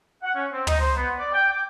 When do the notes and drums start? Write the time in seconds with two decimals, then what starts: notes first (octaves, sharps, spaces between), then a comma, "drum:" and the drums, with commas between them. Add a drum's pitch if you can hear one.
0.23 F#5
0.35 C#4
0.52 C4
0.67 D#4, drum: tom
0.80 C5
0.97 B3
1.17 D5
1.32 G5
1.51 D6